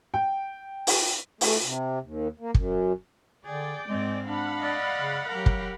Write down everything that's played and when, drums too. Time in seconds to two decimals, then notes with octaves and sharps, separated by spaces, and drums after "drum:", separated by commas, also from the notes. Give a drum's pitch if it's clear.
0.14 G5
0.87 drum: open hi-hat
1.41 A3, drum: open hi-hat
1.63 C3
2.03 D#2
2.40 A#3
2.54 F#2, drum: kick
3.45 D3 G#4 D5 G5
3.88 G#2 G#3 C4
4.26 D4 F5 F#5 B5
4.59 D5 D#5
4.98 C#3
5.28 F#3 G4 A#4
5.46 drum: kick